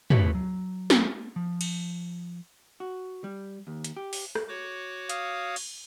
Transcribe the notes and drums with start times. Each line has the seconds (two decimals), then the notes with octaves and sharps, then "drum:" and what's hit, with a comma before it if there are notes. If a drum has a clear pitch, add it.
0.10 A3 E4 G4 B4 C#5, drum: tom
0.35 F#3
0.90 drum: snare
1.36 F3
1.61 drum: cymbal
2.80 F#4
3.24 G3
3.67 D#2
3.84 drum: hi-hat
3.97 G4
4.13 drum: open hi-hat
4.35 drum: rim click
4.48 F#4 C#5 D6
5.10 F5 D#6, drum: hi-hat
5.56 drum: cymbal